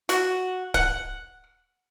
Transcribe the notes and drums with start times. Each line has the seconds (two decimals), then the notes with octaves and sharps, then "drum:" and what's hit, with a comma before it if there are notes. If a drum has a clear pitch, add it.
0.09 F#4, drum: hi-hat
0.74 F#5, drum: kick D1